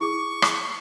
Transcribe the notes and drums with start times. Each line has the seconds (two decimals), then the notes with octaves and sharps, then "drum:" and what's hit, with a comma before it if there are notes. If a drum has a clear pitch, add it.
0.01 E4 G#4 C#6 D6
0.42 drum: rim click